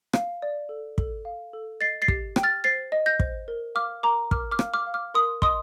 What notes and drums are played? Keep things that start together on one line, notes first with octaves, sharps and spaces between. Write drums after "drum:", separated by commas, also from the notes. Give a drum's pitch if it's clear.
F5, drum: rim click
D5
A4
A4, drum: kick
F5
A4
D#5 A6 C7
A6 C7
G4, drum: kick
G5, drum: rim click
F6 A6
C5 A6 C7
D#5
G6 A#6
C5, drum: kick
A#4
F5 D6 F6
A#4 A#5 D6
A#4 D6 F6, drum: kick
D6 F6
F5, drum: rim click
D6 F6
F5
D6 F6
A#4 C6 D#6
D#5 C6 D#6, drum: kick